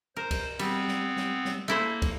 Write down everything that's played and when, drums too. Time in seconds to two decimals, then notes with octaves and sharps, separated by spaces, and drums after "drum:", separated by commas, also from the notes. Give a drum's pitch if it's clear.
0.16 A#4 C5
0.31 drum: kick, cymbal
0.59 G3 B3 C4, drum: cymbal
0.88 drum: snare
1.16 drum: snare
1.45 drum: snare
1.68 A3 A#3 E4 C5
2.02 drum: kick, cymbal